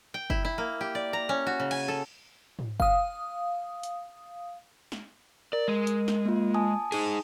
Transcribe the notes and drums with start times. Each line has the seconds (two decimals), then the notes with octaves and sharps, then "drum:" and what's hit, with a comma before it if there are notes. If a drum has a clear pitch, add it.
0.14 G5
0.30 E4, drum: kick F#1
0.45 E4
0.58 A#3
0.81 G4
0.95 D5
1.13 A#5
1.29 C#4
1.47 F#4
1.60 C#3
1.71 G#5, drum: cymbal
1.88 A4
2.59 drum: tom G#2
2.80 F5 D#6, drum: kick F#1
3.83 drum: hi-hat
4.92 drum: snare
5.53 A#4 D5
5.68 G#3
5.87 drum: hi-hat
6.08 drum: snare
6.25 A#3 F4
6.54 G#5 A5 D#6
6.92 D#4 G#4, drum: cymbal